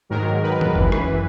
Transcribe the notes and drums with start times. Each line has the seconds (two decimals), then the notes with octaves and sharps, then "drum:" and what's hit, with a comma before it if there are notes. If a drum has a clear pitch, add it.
0.09 G#2 D#3 F#3 A#4
0.43 B4
0.61 drum: tom
0.76 F#2 E3, drum: kick F#1
0.92 drum: rim click